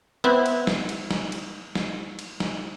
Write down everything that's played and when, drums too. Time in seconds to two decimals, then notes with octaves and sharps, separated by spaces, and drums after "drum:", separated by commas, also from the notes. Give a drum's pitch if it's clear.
0.24 B3 C4 E4
0.46 drum: cymbal
0.67 drum: snare
0.89 drum: cymbal
1.11 drum: snare
1.32 drum: cymbal
1.75 drum: snare
2.19 drum: cymbal
2.40 drum: snare